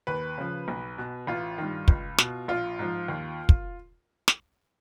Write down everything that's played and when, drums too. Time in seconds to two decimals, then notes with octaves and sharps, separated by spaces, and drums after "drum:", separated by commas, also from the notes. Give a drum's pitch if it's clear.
0.07 D#2 B4
0.38 C#3 F3
0.68 B1
0.98 B2
1.27 A1 F4
1.58 G2 D#3
1.88 C#2, drum: kick
2.18 B2, drum: snare
2.48 A#1 F4
2.79 G#2 F3
3.08 D#2
3.49 drum: kick
4.28 drum: snare